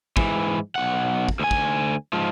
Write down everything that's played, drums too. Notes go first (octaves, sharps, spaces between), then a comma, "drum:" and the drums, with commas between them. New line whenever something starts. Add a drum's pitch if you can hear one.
G#2 E3, drum: kick
B1 F#5
drum: kick
D2 G#5
drum: kick
G#2 F3